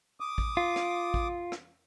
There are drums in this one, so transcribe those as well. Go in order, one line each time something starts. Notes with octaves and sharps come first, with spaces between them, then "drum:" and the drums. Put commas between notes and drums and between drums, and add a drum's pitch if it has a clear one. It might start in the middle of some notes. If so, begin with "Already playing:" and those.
D6 D#6
drum: kick
F4
drum: rim click
drum: kick
drum: rim click